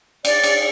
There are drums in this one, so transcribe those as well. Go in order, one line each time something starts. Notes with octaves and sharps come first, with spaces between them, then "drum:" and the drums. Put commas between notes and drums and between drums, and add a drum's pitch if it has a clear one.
D5, drum: cymbal
drum: cymbal